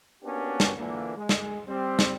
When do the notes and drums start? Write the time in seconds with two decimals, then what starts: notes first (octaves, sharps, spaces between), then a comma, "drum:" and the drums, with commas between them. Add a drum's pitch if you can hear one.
0.23 A#3 B3 C#4 D4 F#4 G4
0.60 drum: snare
0.77 A#2 D3 E3 A#3
1.16 G#3
1.29 drum: snare
1.67 G3 C4
1.99 drum: snare